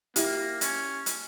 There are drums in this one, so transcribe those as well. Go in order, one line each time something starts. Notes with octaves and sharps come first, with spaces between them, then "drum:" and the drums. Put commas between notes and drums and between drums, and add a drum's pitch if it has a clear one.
A#3 E4 G4, drum: hi-hat
C#4, drum: hi-hat
drum: hi-hat